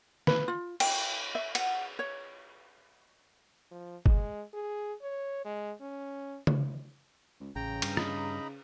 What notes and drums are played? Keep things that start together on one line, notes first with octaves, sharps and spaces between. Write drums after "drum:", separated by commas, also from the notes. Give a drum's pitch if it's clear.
B4, drum: snare
F4
G5, drum: cymbal
E5
F#5, drum: cymbal
C#5
F3
G#3, drum: kick G1
G#4
C#5
G#3
C#4
drum: tom C#3
C#2
A1 C#3 G5 A#5
G2, drum: cymbal
D#4 A#5 B5, drum: rim click